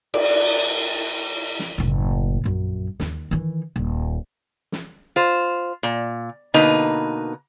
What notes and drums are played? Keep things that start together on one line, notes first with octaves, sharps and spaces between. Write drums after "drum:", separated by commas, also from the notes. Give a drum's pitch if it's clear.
D5, drum: cymbal
drum: snare
F#1 A2
A#1 F#2
D#2, drum: snare
D#3 E3
D#1
drum: snare
F4 C5
A#2
B2 D3 A#3 D#4 B4